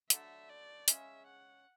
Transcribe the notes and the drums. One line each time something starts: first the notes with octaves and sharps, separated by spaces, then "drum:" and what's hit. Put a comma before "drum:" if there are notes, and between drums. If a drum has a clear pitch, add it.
D3 F#3 A3 E5, drum: hi-hat
D5
C#3 G#3 C#4 E5, drum: hi-hat
F#5